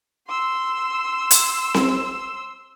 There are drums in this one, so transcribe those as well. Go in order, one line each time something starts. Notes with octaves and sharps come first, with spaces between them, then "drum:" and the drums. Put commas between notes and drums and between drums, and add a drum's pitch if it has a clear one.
C6 E6
drum: hi-hat
drum: snare C4